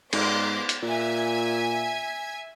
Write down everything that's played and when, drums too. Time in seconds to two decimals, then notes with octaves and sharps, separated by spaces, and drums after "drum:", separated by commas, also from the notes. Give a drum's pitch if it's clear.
0.13 G#2 B3 C6 D6, drum: cymbal
0.69 drum: hi-hat
0.83 A#2 E5 G#5 G#6